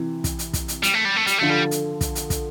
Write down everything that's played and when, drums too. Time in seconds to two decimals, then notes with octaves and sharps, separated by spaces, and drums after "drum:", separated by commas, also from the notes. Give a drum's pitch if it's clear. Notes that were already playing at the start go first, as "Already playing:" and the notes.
Already playing: C3 E3
0.24 drum: kick, hi-hat
0.39 drum: hi-hat
0.53 drum: kick, hi-hat
0.68 drum: hi-hat
0.83 G3, drum: hi-hat
0.94 A3
1.05 G3
1.17 A3
1.27 G3, drum: hi-hat
1.38 D3 F3 A3
1.50 G3
1.71 drum: hi-hat
2.01 drum: kick, hi-hat
2.15 drum: hi-hat
2.30 drum: kick, hi-hat